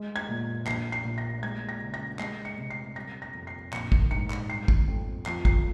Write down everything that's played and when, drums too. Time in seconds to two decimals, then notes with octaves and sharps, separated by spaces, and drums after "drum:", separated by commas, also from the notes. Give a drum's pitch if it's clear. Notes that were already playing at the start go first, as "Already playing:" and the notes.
Already playing: G#3
0.16 G#6
0.28 A#2
0.66 A#1 C7, drum: clap
0.92 C7
1.05 A#2
1.18 A#6
1.43 G#3 G#6
1.69 A#6
1.81 C#3
1.94 A#6
2.19 G#3 C7, drum: clap
2.45 C#7
2.58 C3
2.70 C7
2.96 G3 A#6
3.22 A#6
3.35 F2
3.47 C7
3.73 A#1 C#7, drum: clap
3.92 drum: kick
4.11 G#2 C#7
4.30 drum: clap
4.49 G3 C7
4.68 drum: kick
4.87 F2
5.26 F3 C7, drum: clap
5.45 C7, drum: kick